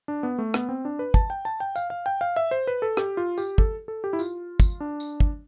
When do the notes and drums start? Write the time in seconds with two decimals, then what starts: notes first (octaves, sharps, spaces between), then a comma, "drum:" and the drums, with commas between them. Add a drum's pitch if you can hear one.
0.08 D4
0.23 B3
0.39 A3
0.54 B3, drum: rim click
0.69 C4
0.85 D4
0.99 B4
1.14 A5, drum: kick
1.30 G5
1.45 A5
1.60 G5
1.76 F5, drum: tambourine
1.90 F5
2.06 G5
2.21 F5
2.36 E5
2.51 C5
2.67 B4
2.82 A4
2.97 G4, drum: rim click
3.17 F4
3.38 G4, drum: tambourine
3.58 A4, drum: kick
3.88 A4
4.04 G4
4.13 E4
4.19 F4, drum: tambourine
4.60 drum: kick, tambourine
4.80 D4
5.00 drum: tambourine
5.20 drum: kick